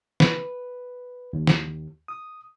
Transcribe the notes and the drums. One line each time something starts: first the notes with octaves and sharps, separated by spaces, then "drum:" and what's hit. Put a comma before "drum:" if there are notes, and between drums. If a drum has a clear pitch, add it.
B4, drum: snare
D#2
drum: snare
D#6